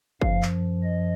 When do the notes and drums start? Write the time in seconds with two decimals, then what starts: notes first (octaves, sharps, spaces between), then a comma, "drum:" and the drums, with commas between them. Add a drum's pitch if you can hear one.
0.21 F#2 F3 F5, drum: kick
0.42 drum: clap
0.84 D#5